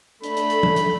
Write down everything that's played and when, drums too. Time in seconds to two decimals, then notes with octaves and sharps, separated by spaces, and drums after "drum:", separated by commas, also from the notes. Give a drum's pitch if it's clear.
0.24 A3 D4 B5, drum: hi-hat
0.37 drum: hi-hat
0.50 drum: hi-hat
0.63 drum: tom
0.76 drum: hi-hat